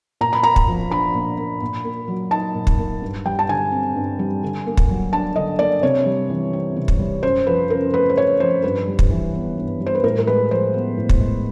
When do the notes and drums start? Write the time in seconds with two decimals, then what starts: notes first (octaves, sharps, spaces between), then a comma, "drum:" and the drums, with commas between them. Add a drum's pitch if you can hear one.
0.21 A#2 A#5
0.33 B5
0.43 A#3 A#5
0.56 drum: kick
0.68 F3
0.91 D4 B5
1.14 A#2
1.38 A#3
1.62 A#2
1.84 A#3
2.08 F#3
2.31 D#4 A5
2.55 A#2
2.67 drum: kick
2.79 A#3
3.02 G2
3.25 G3 G5
3.39 A5
3.49 D3 G#5
3.72 C4
3.96 G2
4.19 G3
4.43 D3
4.66 A#3
4.77 drum: kick
4.89 F#3
5.13 D4 A5
5.36 D3 D#5
5.59 A#3 D5
5.83 C3 C#5
6.06 G3
6.30 E3
6.53 C4
6.76 C3
6.88 drum: kick
6.99 G3
7.23 F#2 C5
7.47 F3 B4
7.70 C#3 A#4
7.94 A3 B4
8.10 C5
8.17 F#2 C#5
8.40 F3 C5
8.64 G2 B4
8.88 G3
8.99 drum: kick
9.11 E3
9.34 B3
9.58 G2
9.80 G3
9.86 C5
9.95 B4
10.04 A2 A#4
10.18 A#4
10.27 G#3 B4
10.51 F3 C5
10.74 B3
10.98 A2
11.09 drum: kick
11.21 G#3